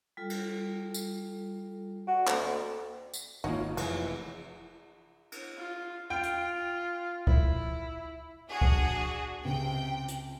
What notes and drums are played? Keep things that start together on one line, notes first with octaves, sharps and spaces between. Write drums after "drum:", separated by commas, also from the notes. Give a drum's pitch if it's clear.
G3 F4 A4
drum: cymbal
drum: tambourine
F#4 D5
D2 A#3 D#5 G5, drum: clap
drum: tambourine
G#1 A#3 D#4 F4 F#4 C#5
F1 E3 G#3, drum: cymbal
drum: cymbal
F4
F4 G5
drum: hi-hat
E4, drum: kick C#2
D4 F#4 G#4
drum: kick C#2
C#2 C3 G5
drum: hi-hat